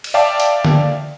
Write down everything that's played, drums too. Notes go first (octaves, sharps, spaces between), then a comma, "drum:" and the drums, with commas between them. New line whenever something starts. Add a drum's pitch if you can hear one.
drum: cymbal
D5 E5 F5 G5 A5 D6
drum: hi-hat
drum: tom D3